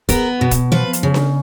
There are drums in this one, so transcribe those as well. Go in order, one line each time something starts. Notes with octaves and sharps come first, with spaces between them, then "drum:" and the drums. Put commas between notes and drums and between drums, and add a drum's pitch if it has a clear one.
B3 A#4, drum: kick, hi-hat
B2
drum: kick, hi-hat
F3 B4
drum: hi-hat
C#3
drum: snare D4